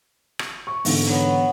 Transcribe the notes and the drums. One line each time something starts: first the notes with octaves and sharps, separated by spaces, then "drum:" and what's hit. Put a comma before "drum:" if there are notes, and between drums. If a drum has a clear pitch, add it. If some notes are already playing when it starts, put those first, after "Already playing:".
drum: rim click
C#6
E2 G#2 D3, drum: open hi-hat
F#3 B3